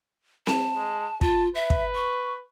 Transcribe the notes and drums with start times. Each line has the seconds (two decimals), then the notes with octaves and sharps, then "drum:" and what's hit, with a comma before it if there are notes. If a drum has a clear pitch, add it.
0.47 A5, drum: snare C4
0.76 G#3
1.21 F4 A5, drum: kick
1.55 B4 E5
1.70 drum: kick
1.95 C#6